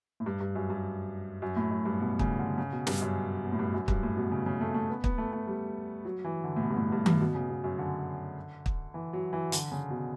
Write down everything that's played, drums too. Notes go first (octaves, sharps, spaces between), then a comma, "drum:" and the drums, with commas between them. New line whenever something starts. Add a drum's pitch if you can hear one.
A2
G2
G2
F#2
G2
F#2
A2
F#2
G2
B2
C#3, drum: kick
D3
C#3
B2
G2, drum: snare
F#2
B2
A2
G2
F#2
G2, drum: kick
A2
B2
C#3
C#3
A3
A3
B3
B3, drum: kick
A3
A3
G3
F#3
E3
D3
A2
B2
G2
A2
G2
G2, drum: tom D#3
B2
C#3
B2
F#2
D3
drum: kick
E3
F#3
E3
D3, drum: hi-hat
C#3
B2